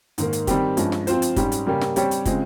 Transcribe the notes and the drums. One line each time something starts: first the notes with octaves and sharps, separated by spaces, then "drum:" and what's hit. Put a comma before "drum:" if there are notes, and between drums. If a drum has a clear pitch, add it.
G#2 D#3 A#3, drum: hi-hat
drum: hi-hat
D#3 G3 C4 G4, drum: kick, hi-hat
G2 F3 G#3 C#4, drum: hi-hat
drum: snare
F3 C4 F4 C5, drum: hi-hat
drum: hi-hat
G#2 G3 C#4 G4, drum: kick, hi-hat
drum: hi-hat
C#3 G3 A#3 C#4 G4
drum: snare
G3 C4 G4 C#5, drum: hi-hat
drum: hi-hat
C#3 G#3 C4 F4, drum: kick, hi-hat